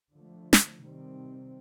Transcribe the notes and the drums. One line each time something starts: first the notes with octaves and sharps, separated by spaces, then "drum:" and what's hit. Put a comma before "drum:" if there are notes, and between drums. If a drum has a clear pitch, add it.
D3 F3 A3
drum: snare
C3 D#3 G3 C4